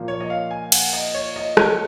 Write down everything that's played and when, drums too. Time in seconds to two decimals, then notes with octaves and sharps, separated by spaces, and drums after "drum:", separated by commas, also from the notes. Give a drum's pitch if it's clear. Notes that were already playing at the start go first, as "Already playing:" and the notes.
Already playing: A#2 F3 A#3
0.08 C#5
0.20 D#5
0.30 F5
0.51 G#5
0.72 F#5, drum: cymbal
0.93 D#5
1.14 C#5
1.36 D#5
1.57 C#5, drum: rim click